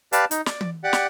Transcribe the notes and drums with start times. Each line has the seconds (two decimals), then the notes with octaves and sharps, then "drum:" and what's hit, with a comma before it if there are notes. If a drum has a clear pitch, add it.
0.13 G4 B4 D5 F5 A5, drum: hi-hat
0.31 D#4, drum: hi-hat
0.46 D5, drum: snare
0.61 drum: tom
0.84 G4 D5 F#5
0.93 drum: snare